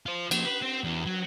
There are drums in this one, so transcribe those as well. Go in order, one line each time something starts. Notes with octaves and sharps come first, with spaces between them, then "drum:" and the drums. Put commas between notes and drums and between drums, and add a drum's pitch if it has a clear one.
F4 C5
F3 A#3, drum: cymbal
B4
C4
E2
F#3